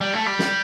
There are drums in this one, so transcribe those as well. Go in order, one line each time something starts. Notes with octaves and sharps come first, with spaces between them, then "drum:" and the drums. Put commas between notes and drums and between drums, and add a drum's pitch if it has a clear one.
G3
A3
G3
drum: snare